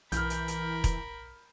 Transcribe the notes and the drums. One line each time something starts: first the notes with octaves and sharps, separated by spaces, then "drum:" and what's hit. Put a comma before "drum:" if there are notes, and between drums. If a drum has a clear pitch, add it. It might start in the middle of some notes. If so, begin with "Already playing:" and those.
B1 E3 A#4 B5 F6 G6, drum: hi-hat
drum: hi-hat
drum: hi-hat
drum: kick E1, hi-hat